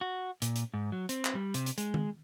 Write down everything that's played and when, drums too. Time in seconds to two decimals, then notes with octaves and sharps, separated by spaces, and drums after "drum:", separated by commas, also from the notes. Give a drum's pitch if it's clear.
0.01 F#4
0.42 A#2, drum: hi-hat
0.56 drum: hi-hat
0.74 G#2
0.92 F#3
1.09 C4, drum: hi-hat
1.25 drum: clap
1.35 G3
1.54 C3, drum: hi-hat
1.66 drum: hi-hat
1.78 G#3, drum: hi-hat
1.94 drum: tom D#3